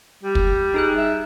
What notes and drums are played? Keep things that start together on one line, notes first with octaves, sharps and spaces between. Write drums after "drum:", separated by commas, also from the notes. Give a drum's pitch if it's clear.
G3
drum: kick
D#4 G#4 F#6
E5